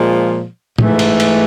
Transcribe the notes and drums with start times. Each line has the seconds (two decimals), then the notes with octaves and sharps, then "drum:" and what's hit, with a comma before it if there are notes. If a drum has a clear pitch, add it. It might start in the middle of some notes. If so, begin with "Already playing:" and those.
Already playing: A#2 F3 G#3
0.78 G#2 E3 A3, drum: tom A2
0.99 drum: cymbal
1.20 drum: cymbal